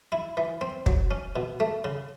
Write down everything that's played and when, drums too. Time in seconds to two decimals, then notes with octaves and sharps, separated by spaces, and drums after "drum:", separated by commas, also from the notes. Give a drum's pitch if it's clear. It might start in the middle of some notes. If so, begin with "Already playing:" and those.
0.12 E4
0.37 E3
0.61 C4
0.86 F#3, drum: kick
1.11 C#4
1.36 B2
1.60 A3
1.84 C#3